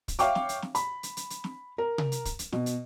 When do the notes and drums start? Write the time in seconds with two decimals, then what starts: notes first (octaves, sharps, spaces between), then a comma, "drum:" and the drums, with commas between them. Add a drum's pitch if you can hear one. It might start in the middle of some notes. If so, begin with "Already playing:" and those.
0.08 drum: kick, hi-hat
0.19 C#5 E5 F5 G5 C#6 D6, drum: hi-hat
0.35 drum: snare
0.49 drum: hi-hat
0.62 drum: snare
0.75 B5, drum: hi-hat
1.03 drum: hi-hat
1.17 drum: hi-hat
1.30 drum: hi-hat
1.44 drum: snare
1.78 A#4
1.98 drum: tom C3
2.12 drum: hi-hat
2.25 drum: kick, hi-hat
2.39 drum: hi-hat
2.52 B2, drum: snare
2.66 drum: hi-hat